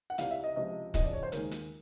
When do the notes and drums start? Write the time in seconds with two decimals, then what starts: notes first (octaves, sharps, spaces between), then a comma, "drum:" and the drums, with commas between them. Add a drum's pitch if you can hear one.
0.10 F#5
0.18 C2 C3 E3 G3 F5, drum: hi-hat
0.31 E5
0.44 D#5
0.56 C#2 C3 F3 D#5
0.94 E2 C#3 F3 D#5, drum: kick, hi-hat
1.04 D5
1.13 C#5
1.23 C5
1.32 D#2 D#3 G#3 A#4, drum: hi-hat
1.51 drum: hi-hat